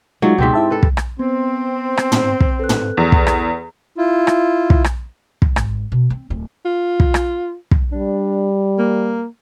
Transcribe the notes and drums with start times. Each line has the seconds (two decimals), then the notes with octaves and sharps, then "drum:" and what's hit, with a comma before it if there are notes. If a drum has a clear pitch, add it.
0.22 F#3 G#3 D#4 F4 C#5 D5
0.38 C#2 G#2 B2 C4 G4 B6
0.54 E4 E5 A5
0.70 A4 B4
0.83 drum: kick
0.97 drum: rim click
1.19 B3 C4
1.97 drum: rim click
2.12 drum: tom
2.40 drum: kick
2.59 A4 B4 F#6
2.69 drum: tom
2.97 E2
3.12 drum: kick
3.27 drum: rim click
3.98 E4 F4
4.27 drum: rim click
4.70 drum: kick
4.84 drum: rim click
5.42 drum: kick
5.56 G#1, drum: rim click
5.92 B2
6.10 C4
6.30 D1 C4
6.65 F4
7.00 drum: kick
7.14 drum: rim click
7.71 drum: kick
7.92 G3 D4
8.79 A#3